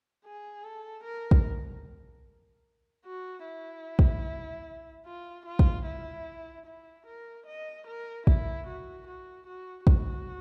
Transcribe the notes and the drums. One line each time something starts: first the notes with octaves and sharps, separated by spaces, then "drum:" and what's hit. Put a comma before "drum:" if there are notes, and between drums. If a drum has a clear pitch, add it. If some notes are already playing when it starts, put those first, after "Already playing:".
G#4
A4
A#4
drum: kick
F#4
E4
drum: kick
F4
F4
drum: kick
E4
E4
A#4
D#5
A#4
E4, drum: kick
F#4
F#4
F#4
F#4, drum: kick